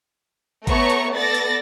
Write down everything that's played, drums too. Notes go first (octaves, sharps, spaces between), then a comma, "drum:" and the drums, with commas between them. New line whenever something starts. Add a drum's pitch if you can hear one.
A3 B3 C#5 A#5 C#6 C#7, drum: kick, hi-hat
drum: hi-hat
B3 A4 D5 A6 A#6
drum: hi-hat